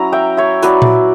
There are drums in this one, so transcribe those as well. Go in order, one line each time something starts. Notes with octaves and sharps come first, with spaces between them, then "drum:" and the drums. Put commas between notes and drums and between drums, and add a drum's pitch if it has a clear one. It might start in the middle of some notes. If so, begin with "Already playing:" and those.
Already playing: F#3 C#4 E4 A#5
E5 G5
C#5 E5
F#3 C#4 E4 B4 D5, drum: hi-hat
drum: tom A#2